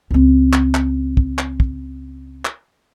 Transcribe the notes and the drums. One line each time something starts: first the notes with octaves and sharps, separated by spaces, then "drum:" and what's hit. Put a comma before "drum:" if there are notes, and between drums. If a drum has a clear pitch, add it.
C#2 C4
drum: clap
drum: clap
drum: kick
drum: clap
drum: kick
drum: clap